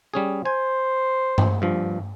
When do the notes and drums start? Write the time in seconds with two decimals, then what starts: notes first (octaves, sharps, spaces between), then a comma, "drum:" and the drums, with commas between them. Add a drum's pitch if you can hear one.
0.14 G3 C#4 G#4
0.45 C5 G#5
1.38 drum: tom G2
1.62 G2 F3